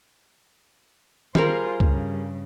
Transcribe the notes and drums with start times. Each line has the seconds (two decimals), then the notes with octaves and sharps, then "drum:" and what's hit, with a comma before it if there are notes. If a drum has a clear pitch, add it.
1.35 G3 F4 G#4 A#4 C5, drum: tom D#3
1.80 G2 C#3, drum: kick C#2